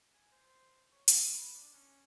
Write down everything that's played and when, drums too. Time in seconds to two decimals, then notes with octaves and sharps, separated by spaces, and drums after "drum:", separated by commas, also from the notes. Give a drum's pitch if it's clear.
0.14 G#5
0.32 C5
0.92 C#5
1.08 drum: hi-hat
1.32 B3
1.54 D4
1.73 C#4